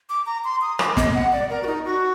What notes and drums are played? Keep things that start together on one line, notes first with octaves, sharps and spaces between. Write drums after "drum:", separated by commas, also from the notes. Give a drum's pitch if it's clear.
D6
A#5
C6
D#6
D6, drum: rim click
D#5, drum: snare
F#5
D5
A#4
F#4
D#4
F#4